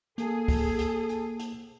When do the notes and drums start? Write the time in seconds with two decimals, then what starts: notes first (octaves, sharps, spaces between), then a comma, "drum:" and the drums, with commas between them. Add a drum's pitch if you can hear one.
0.18 A#3 G#4 A4, drum: hi-hat
0.48 drum: kick, open hi-hat
0.79 drum: hi-hat
1.09 drum: hi-hat
1.39 drum: hi-hat